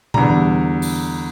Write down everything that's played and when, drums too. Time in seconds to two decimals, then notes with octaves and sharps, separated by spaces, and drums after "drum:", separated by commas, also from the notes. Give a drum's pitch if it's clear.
0.14 E2 D3 G3 A#5, drum: tom B2
0.82 drum: open hi-hat